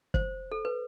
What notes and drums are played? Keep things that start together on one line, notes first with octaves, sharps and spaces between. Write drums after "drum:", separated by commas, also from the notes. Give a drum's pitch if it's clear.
C5, drum: kick
A4
B4